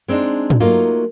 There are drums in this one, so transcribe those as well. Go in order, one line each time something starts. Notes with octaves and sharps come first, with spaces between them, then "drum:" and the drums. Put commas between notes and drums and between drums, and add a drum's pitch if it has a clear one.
G#3 C4 D4 D#4
drum: tom
F#3 A3 A#3 D#4 F4